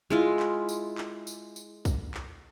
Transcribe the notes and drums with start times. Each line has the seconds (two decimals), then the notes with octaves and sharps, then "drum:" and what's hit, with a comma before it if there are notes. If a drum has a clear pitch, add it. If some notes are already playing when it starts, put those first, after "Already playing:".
0.10 G#3 E4 F4
0.40 drum: clap
0.69 drum: tambourine
0.98 drum: clap
1.27 drum: tambourine
1.56 drum: tambourine
1.85 drum: kick, tambourine
2.14 drum: clap